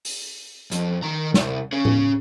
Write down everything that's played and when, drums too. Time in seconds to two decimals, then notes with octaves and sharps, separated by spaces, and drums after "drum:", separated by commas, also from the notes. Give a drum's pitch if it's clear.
0.05 drum: open hi-hat
0.71 F2, drum: hi-hat
1.03 D#3 A#5
1.34 C2, drum: snare
1.73 C#4 G#4
1.85 drum: tom A2